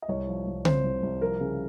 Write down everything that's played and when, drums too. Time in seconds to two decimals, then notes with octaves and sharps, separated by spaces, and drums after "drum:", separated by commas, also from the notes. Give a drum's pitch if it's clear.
0.02 D#5
0.08 C2 C#5
0.27 F3
0.47 C2
0.65 C3 C5, drum: tom C#3
0.83 C2
1.02 C2
1.21 F3 A#4
1.40 C#3